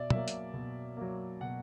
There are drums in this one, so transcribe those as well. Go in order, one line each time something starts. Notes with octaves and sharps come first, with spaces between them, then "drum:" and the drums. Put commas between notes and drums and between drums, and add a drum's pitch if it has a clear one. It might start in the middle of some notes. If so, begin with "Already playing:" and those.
Already playing: B2 D5 E5
F#3 A#3 E5, drum: tom
drum: hi-hat
B2
F#3 A#3
B2 F#5